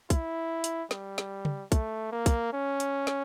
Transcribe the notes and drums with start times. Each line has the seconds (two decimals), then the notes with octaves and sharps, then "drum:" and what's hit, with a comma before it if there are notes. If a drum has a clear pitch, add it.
0.10 E4, drum: kick, hi-hat
0.64 drum: hi-hat
0.91 G3, drum: snare
1.18 drum: snare
1.45 drum: tom C#3
1.72 A3, drum: kick, hi-hat
2.12 A#3
2.26 drum: kick, hi-hat
2.53 C#4
2.80 drum: hi-hat
3.07 drum: snare